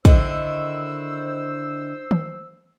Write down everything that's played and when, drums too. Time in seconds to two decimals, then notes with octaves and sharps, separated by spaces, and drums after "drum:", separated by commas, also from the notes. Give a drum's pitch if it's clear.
0.05 D3 D#3 E4 C5 E6, drum: kick
2.11 drum: tom